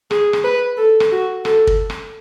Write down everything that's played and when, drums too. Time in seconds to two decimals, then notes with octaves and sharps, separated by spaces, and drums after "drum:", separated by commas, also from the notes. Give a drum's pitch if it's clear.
0.11 G#4, drum: rim click
0.33 drum: rim click
0.44 B4
0.77 A4
1.00 drum: rim click
1.11 F#4
1.45 A4, drum: rim click
1.67 drum: kick
1.90 drum: rim click